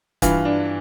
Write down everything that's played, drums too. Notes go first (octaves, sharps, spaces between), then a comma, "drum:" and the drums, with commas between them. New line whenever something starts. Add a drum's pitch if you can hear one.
G2 E3 F4, drum: kick C#1, hi-hat
D4